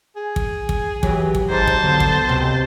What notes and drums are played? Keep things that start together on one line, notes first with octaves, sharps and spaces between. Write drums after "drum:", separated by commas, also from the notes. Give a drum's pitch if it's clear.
G#4
drum: kick
drum: kick
E3 F#3 G4, drum: kick
drum: kick
G#1 G#2 C5 A5
drum: kick
B2 D3
drum: kick
C#2 C3